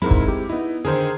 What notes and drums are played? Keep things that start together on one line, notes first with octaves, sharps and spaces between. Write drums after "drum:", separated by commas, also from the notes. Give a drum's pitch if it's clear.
G#2 G#3 C4 E4 A#4 B5
drum: kick
G4
B3 D#4 E4
D3 D#3 G#4 A#4 C5